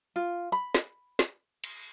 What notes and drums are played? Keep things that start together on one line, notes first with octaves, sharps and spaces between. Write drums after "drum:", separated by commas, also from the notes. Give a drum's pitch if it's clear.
F4
B5
drum: snare
drum: snare
drum: cymbal